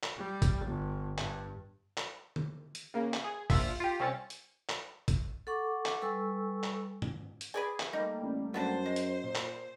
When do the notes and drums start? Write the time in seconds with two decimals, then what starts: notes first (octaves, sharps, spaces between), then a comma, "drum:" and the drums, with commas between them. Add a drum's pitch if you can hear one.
0.03 drum: clap
0.17 G3
0.42 drum: kick, hi-hat
0.65 G1
1.18 G2, drum: clap
1.97 drum: clap
2.36 drum: tom
2.75 drum: hi-hat
2.94 C#3 A#3
3.14 drum: clap
3.24 G#4
3.50 A#1 F4 E5, drum: kick, open hi-hat
3.80 F4 G4
4.00 C2 C4 C#4 A6 C#7
4.30 drum: hi-hat
4.69 drum: clap
5.08 drum: kick, hi-hat
5.47 A4 F#5 C#6 D6
5.86 drum: clap
6.02 G3 A4 B4 G#5 C#6 E6
6.63 drum: clap
7.02 drum: tom G2
7.41 drum: hi-hat
7.54 G#4 B4 D5 G#5
7.80 drum: clap
7.93 G3 A3 A#3 D#4
8.22 A1
8.54 F#2 B3 D4 C5 A5
8.86 G#3
8.96 drum: hi-hat
9.23 A#2
9.35 drum: clap